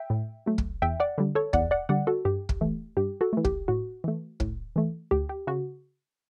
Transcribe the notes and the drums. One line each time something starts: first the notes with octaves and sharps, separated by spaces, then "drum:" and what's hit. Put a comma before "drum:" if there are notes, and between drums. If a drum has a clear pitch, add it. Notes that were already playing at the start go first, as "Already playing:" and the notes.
Already playing: E5 G5
A2
F#3 A3
drum: kick
E2 E5 G5
D5 F#5
D3 G3
A4 C#5
E2 D5 F#5, drum: kick
D5 F#5
D3 G3 D5 F#5
F#4 A4
G2 G4
drum: kick
E3 A3
G2 G4
F#4 A4
E3 A3
G4, drum: kick
A2 F#4
E3 A3
A2, drum: kick
E3 A3
D2 G4
G4
C#3 F#4